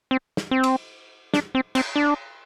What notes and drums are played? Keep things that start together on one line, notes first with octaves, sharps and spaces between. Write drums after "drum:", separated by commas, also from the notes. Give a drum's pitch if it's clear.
C4
drum: snare
C4
drum: cymbal
D4, drum: snare
C4
C4, drum: cymbal
D4